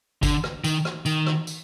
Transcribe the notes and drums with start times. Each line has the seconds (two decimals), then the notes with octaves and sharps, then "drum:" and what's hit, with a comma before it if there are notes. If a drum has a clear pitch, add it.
0.23 D3, drum: kick, tambourine
0.44 drum: rim click
0.64 D#3, drum: tambourine
0.85 drum: rim click
1.06 D#3, drum: tambourine
1.26 drum: rim click
1.47 drum: tambourine